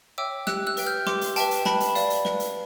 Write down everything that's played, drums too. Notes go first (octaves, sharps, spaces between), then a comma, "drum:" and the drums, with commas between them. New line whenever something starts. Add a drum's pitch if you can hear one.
C#5 E5 G5 D6 E6
G4 E6 F#6, drum: snare
E6 F#6
B4 E5 G5, drum: hi-hat
F6 G6
G4 C6 D6, drum: snare
drum: hi-hat
B4 E5 G5 A5, drum: hi-hat
drum: hi-hat
B4 A5 B5, drum: snare
drum: hi-hat
D5 F5, drum: hi-hat
drum: hi-hat
B4, drum: snare
drum: hi-hat